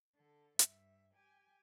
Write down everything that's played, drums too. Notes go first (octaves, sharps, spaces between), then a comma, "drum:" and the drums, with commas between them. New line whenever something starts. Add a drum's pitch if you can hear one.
D3 A4
G2 E5, drum: hi-hat
G4 G#5